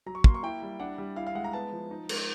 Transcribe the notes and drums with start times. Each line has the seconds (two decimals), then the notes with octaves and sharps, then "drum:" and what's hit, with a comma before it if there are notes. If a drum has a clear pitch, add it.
0.06 F#3 A#5
0.15 C#6
0.24 A#3 C6, drum: kick
0.35 C#6
0.43 E4 G5
0.62 G3
0.80 D4 F#5
0.98 G3
1.16 E4 F5
1.27 F5
1.35 G#3 F#5
1.44 A#5
1.53 B3 A5
1.72 F3
1.91 D#4
2.09 G#3, drum: cymbal